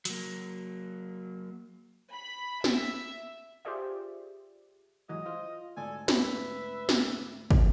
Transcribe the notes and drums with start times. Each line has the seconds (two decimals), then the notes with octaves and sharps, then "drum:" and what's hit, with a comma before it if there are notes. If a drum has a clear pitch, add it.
0.05 F#3 A#3, drum: hi-hat
2.13 B5
2.64 E5, drum: snare
3.65 F4 G4 G#4 C5 D5 E5
5.09 G#2 E3 F#3 D#5
5.26 F4 C5
5.77 D2 G#2 A4 D5 G#5
6.08 B4 E5, drum: snare
6.89 drum: snare
7.51 drum: kick